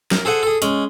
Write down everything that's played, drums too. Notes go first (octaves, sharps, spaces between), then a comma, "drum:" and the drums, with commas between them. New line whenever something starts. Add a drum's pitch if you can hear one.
A#4, drum: snare
G#4 A4 C5 F#5 G#5
G#4 A4
G#3 C#4, drum: hi-hat